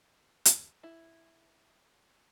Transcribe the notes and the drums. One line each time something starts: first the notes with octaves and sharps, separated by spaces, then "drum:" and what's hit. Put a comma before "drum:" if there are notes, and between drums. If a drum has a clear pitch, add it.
drum: hi-hat
E4